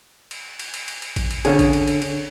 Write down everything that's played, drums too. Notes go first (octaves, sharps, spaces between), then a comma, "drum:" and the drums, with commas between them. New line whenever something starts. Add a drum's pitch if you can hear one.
drum: cymbal
drum: cymbal
drum: cymbal
drum: cymbal
drum: cymbal
drum: kick A1, cymbal
drum: cymbal
D3 C#4 G#4, drum: cymbal
drum: kick A1, cymbal
drum: cymbal
drum: cymbal
drum: cymbal